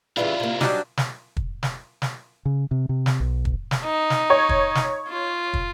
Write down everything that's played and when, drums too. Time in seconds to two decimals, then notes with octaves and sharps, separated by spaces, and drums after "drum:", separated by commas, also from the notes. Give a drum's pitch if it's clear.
0.17 C#3 E3 G3 E4 F4
0.40 C3 A#3
0.61 F#3 G3 D4 D#4, drum: snare
0.97 drum: snare
1.37 drum: kick
1.63 drum: snare
2.02 drum: snare
2.45 C#3
2.71 C3
2.89 C3
3.06 drum: snare
3.20 B1
3.45 drum: kick
3.71 drum: snare
3.84 D#4
4.10 drum: snare
4.30 C#5
4.49 drum: kick
4.75 drum: snare
5.09 F4
5.54 drum: kick